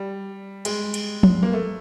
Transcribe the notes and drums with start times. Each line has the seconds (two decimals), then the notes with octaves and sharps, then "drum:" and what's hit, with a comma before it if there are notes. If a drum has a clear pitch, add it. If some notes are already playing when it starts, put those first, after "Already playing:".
Already playing: G3
0.65 G#3, drum: cymbal
0.94 drum: cymbal
1.23 drum: tom F3
1.43 A#3
1.53 A3